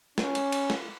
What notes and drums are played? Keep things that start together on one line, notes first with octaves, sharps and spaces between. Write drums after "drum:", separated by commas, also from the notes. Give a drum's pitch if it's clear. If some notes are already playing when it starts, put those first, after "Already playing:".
C#4, drum: snare
drum: cymbal
drum: cymbal
drum: snare